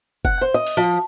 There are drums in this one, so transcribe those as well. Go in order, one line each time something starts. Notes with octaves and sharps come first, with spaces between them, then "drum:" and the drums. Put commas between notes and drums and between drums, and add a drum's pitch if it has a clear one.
F#5, drum: kick F1
C5
D#5
drum: open hi-hat
F3